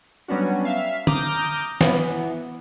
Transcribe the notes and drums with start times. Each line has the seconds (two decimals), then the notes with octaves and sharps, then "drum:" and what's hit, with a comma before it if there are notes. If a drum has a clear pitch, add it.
0.28 F#3 G3 B3 C#4 D4 F#4
0.65 E5 F5
1.07 A#5 D6 D#6 F6 G6, drum: tom D3
1.81 E3 B3, drum: snare